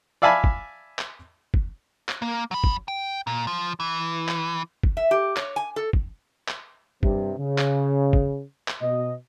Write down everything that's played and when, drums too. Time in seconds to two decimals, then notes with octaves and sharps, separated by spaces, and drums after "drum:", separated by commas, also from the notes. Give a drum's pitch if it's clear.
0.22 D5 E5 F5 G#5 A5 B5
0.44 drum: kick
0.99 drum: clap
1.54 drum: kick
2.09 drum: clap
2.22 A#3
2.51 F#3 B5
2.64 drum: kick
2.88 G5
3.27 A#2
3.47 F3
3.80 E3
4.29 drum: clap
4.83 drum: kick
4.97 E5
5.11 G4
5.37 C#5, drum: clap
5.56 G#5
5.76 A4
5.93 drum: kick
6.48 drum: clap
7.03 G2 C3, drum: kick
7.38 C#3
7.58 drum: clap
8.13 drum: kick
8.68 drum: clap
8.82 B2 D#5